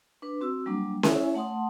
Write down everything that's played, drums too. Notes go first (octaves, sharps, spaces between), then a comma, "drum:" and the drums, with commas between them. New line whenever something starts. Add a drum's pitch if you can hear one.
D4 B4
C4 F#4 E6
F#3 G3 A#3 D4
C#4 E4 E5 G#5, drum: snare C#4
A3 F#5 A5 C6 D#6